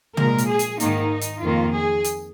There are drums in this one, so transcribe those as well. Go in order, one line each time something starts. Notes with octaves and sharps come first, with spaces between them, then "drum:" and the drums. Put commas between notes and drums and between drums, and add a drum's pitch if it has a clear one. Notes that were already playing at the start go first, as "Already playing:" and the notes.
A#2 F3 G#3 A#4, drum: tom
drum: hi-hat
G#4
drum: hi-hat
G#2 D#3 A#3 D#4, drum: hi-hat
drum: hi-hat
F2 D#3 A#3 F4
G#4
drum: hi-hat